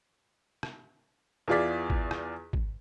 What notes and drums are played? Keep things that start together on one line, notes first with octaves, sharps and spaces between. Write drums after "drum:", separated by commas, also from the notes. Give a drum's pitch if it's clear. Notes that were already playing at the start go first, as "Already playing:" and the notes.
drum: rim click
E2 E3 F4 G#4 D5 B6
drum: kick
drum: rim click
drum: kick